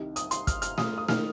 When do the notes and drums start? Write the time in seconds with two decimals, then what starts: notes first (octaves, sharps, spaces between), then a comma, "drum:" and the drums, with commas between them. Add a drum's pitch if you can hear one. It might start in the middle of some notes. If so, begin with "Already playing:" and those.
Already playing: C2 C3 D#3
0.16 D#6, drum: hi-hat
0.31 C6, drum: hi-hat
0.47 F6, drum: kick, hi-hat
0.62 F6, drum: hi-hat
0.78 D#6, drum: snare A3
0.98 D#6
1.09 D#3 A#3 F6, drum: snare A3